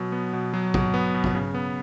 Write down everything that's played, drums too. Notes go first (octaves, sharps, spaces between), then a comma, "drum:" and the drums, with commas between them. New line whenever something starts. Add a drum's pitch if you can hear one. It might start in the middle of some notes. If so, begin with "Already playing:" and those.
Already playing: B2 F#3
B3
B2
F#3
B2, drum: kick
B3
B2
drum: kick
C#3
B3